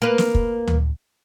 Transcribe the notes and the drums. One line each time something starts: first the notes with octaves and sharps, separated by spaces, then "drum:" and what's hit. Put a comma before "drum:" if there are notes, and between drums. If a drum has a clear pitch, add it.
A#3 B4
drum: snare
drum: kick
drum: tom D2